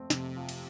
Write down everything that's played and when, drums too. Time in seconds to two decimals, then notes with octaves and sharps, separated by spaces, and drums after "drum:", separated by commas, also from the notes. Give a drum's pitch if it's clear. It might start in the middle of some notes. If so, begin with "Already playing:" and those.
Already playing: F2 A3 C4
0.10 F2 C3, drum: snare
0.36 F3
0.49 drum: cymbal